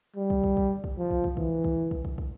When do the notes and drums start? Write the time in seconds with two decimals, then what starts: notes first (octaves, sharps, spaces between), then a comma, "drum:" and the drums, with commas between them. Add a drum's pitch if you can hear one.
0.16 G3
0.30 drum: kick
0.44 drum: kick
0.57 drum: kick
0.84 drum: kick
0.98 F3
1.11 drum: kick
1.24 drum: kick
1.37 E3, drum: kick
1.64 drum: kick
1.91 drum: kick
2.05 drum: kick
2.18 drum: kick